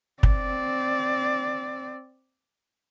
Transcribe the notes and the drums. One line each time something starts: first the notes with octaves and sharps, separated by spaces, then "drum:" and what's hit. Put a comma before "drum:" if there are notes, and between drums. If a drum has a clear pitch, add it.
C4 D5, drum: kick